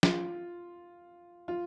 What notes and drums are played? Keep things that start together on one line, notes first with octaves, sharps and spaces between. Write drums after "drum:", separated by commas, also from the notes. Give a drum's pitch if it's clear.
F4, drum: snare
F4